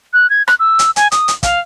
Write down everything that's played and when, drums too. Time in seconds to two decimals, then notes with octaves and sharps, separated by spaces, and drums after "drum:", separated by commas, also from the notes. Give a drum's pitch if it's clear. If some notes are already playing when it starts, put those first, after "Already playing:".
0.13 F#6
0.30 G#6
0.48 F#6, drum: rim click
0.60 E6
0.79 drum: hi-hat
0.96 G#5, drum: hi-hat
1.12 D#6, drum: hi-hat
1.28 drum: hi-hat
1.43 F5, drum: kick, hi-hat